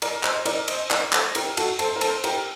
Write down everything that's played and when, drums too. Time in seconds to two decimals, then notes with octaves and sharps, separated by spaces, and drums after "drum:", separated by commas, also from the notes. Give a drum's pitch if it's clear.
0.02 A#4 D5, drum: cymbal
0.23 C5 D#5, drum: clap
0.46 A#4 D5, drum: cymbal
0.68 C5 D#5, drum: cymbal
0.91 A#4 D5, drum: clap
1.13 A4 C5, drum: clap
1.35 G4 A#4, drum: cymbal
1.57 F#4 A4, drum: cymbal
1.79 A4 C5, drum: cymbal
1.96 A#4
2.01 A4 C5, drum: cymbal
2.24 G4 A#4, drum: cymbal